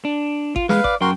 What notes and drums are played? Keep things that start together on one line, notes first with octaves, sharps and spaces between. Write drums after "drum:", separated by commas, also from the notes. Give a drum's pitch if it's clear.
D4
F4, drum: kick G#1
G#3 B4 F5, drum: snare
D5, drum: kick G#1
F#2 F#4 A#4 G5 C6